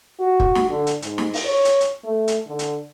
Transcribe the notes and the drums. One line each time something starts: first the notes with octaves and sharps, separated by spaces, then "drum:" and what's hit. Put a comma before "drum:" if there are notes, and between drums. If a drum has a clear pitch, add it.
F#4
drum: kick
drum: snare
D3
drum: hi-hat
G#2, drum: hi-hat
drum: snare
drum: open hi-hat
C#5
drum: hi-hat
drum: hi-hat
A3
drum: hi-hat
D3
drum: hi-hat